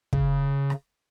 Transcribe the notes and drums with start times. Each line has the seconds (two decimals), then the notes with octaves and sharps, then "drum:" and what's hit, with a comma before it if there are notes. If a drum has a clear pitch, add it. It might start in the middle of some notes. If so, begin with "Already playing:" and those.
0.13 C#3, drum: kick
0.70 drum: rim click